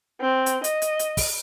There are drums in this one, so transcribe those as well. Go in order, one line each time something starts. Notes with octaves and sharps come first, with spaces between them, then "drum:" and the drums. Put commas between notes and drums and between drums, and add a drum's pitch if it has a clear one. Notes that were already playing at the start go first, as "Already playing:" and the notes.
C4
drum: hi-hat
D#5, drum: hi-hat
drum: hi-hat
drum: hi-hat
drum: kick, open hi-hat